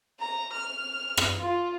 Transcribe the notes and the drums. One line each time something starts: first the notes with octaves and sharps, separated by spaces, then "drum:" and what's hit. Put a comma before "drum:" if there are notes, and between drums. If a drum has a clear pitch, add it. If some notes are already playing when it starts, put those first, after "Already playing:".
A#5
F6
drum: rim click
F4